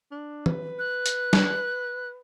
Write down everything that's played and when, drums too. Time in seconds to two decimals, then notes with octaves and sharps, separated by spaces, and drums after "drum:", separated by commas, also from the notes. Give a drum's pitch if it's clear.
0.11 D4
0.46 B4, drum: tom E3
0.79 F#6
1.06 drum: hi-hat
1.33 drum: snare